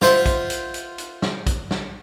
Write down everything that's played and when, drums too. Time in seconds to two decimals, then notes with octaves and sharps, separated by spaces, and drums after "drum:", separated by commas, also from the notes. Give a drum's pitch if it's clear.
0.01 F4 C5 E5 F#5, drum: snare
0.26 drum: kick, hi-hat
0.50 drum: hi-hat
0.74 drum: hi-hat
0.98 drum: hi-hat
1.22 drum: snare
1.47 drum: kick, hi-hat
1.71 drum: snare